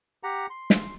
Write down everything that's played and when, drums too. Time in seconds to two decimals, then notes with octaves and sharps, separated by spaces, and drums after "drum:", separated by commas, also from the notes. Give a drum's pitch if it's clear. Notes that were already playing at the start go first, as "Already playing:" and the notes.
0.23 G4 F#5 A#5
0.50 C6
0.70 drum: snare